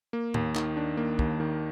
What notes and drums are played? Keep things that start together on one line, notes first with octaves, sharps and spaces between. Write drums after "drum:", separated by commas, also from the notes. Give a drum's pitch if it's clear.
A#3
D#2, drum: tom A2
D#3, drum: clap
D4
A#3
D#2, drum: kick
D#3